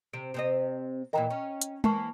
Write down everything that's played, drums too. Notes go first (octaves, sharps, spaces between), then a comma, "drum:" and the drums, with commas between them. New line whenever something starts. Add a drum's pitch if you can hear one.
C3 D7
C3 C4 D#5
A#2 E3 A#4 D#5 G5 A#5
C#4
drum: hi-hat
E3 A#3 A5 C#6, drum: tom G#3